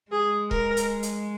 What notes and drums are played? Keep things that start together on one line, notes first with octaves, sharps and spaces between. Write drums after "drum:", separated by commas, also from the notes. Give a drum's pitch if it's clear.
G#3 G#4
A#4, drum: kick
drum: hi-hat
drum: hi-hat